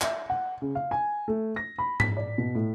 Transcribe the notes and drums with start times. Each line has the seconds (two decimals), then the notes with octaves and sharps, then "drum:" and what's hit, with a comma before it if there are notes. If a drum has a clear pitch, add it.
0.01 E5, drum: clap
0.30 F#5
0.62 C#3
0.75 F5
0.91 G#5
1.28 A3
1.56 A#6
1.78 B5
2.00 B6, drum: tom G#2
2.17 D5
2.38 B2
2.55 A2